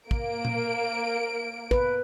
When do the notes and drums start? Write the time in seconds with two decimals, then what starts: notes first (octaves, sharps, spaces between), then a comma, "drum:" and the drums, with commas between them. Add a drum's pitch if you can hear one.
0.11 A#3 D7, drum: kick
0.45 drum: tom A#2
1.71 B4, drum: kick